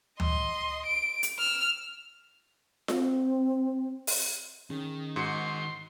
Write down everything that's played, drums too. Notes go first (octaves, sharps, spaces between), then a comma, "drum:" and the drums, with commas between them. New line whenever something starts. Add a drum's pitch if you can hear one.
D#5 C6, drum: tom D2
D7
drum: hi-hat
E6 F6
C4, drum: snare F4
drum: open hi-hat
D#3 C#4 G#4
G#2 F#4 C6 C#7